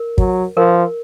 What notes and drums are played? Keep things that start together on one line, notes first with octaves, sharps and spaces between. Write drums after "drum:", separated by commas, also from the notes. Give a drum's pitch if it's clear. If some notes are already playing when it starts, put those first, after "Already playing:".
Already playing: A#4
F#3, drum: kick
F3 A#4